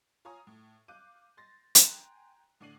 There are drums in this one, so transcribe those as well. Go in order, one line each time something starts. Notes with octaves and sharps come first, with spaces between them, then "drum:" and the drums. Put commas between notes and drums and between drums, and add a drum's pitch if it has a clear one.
F4 C#5 G#5 A#5 D#6
A2
F5 D6 F#6 G6 D#7
C6 A6 A#6
G5 G#5 A#5 C6 F#6, drum: hi-hat
A2 D3 D5 C7 D#7 F#7